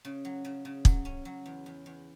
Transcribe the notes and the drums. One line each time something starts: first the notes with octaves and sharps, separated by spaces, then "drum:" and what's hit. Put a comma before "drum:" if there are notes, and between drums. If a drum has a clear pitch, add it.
C#3
F#3
C#3
C#3
F#3, drum: kick
C#4
F#3
E2
E2
E2